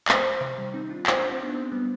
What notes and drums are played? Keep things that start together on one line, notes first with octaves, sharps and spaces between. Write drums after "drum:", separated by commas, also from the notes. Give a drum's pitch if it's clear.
F3 G#3 C5, drum: clap
C3 D#3
D#3 G3
C4 D#4
D4 F4
C5, drum: clap
D4 F4
C4 D#4
B3 D4
G#3 C4
G3 B3